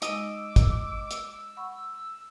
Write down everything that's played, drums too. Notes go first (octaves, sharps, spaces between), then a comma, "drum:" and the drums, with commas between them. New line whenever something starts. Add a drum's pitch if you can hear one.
G#3 D#4 D#5 D6 E6, drum: hi-hat
drum: kick, hi-hat
drum: hi-hat
F#5 B5 C#6